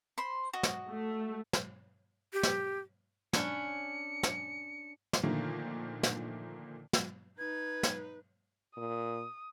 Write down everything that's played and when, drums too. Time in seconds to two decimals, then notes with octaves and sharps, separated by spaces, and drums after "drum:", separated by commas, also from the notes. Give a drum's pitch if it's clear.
0.18 C5 B5 C6
0.53 F#4 D#5
0.63 drum: snare
0.90 A3
1.53 drum: snare
2.33 G4
2.43 drum: snare
3.33 C#4 D4 B5 C#7, drum: snare
4.23 drum: snare
5.13 drum: snare
5.23 A#2 D3 D#3 F3 A3 A#3
6.03 drum: snare
6.93 drum: snare
7.38 D#4 B4 G#6
7.83 drum: snare
8.77 A#2 D#6